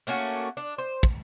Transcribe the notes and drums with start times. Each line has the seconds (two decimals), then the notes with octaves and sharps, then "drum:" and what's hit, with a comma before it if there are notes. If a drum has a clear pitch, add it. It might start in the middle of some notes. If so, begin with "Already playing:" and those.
0.07 A3 A#3 C#4 F#4
0.57 D4
0.78 C5
1.03 drum: kick